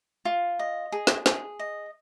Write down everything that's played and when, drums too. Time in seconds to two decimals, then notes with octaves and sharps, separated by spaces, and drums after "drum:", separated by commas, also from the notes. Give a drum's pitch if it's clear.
0.25 F4
0.59 D#5
0.92 G#4
1.07 drum: snare
1.26 G#4, drum: snare
1.59 D#5